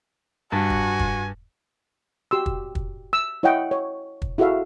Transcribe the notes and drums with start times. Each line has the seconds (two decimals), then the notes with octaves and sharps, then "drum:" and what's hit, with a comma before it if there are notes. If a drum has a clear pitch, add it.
0.52 G2 F#4 G#5
0.70 drum: kick
0.99 drum: kick
2.31 F#4 G4 C6 E6
2.46 drum: kick
2.75 drum: kick
3.13 E6
3.43 E4 C#5 D#5 F#5 G5
3.71 C#5
4.22 drum: kick
4.38 E4 F#4 G#4 A4 E5 F5